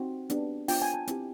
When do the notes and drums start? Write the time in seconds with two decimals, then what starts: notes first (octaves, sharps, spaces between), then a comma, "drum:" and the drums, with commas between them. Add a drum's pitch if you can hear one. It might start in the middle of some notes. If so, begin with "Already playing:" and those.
Already playing: C4 D#4 F#4
0.30 B3 D4 G4, drum: hi-hat
0.68 B3 D4 F4 G5, drum: open hi-hat
0.82 G#5
0.94 A5
1.07 C4 E4 G4, drum: hi-hat